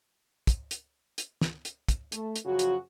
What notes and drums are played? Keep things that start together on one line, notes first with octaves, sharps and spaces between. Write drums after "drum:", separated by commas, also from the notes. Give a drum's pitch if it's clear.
drum: kick, hi-hat
drum: hi-hat
drum: hi-hat
drum: snare
drum: hi-hat
drum: kick, hi-hat
A3, drum: hi-hat
drum: hi-hat
F#2 C#3 F3 F#4
drum: hi-hat